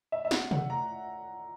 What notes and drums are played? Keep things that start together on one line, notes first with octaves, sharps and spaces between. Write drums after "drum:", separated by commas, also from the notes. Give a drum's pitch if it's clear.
E5
E5
F#5, drum: snare
F#5, drum: tom C3
A#5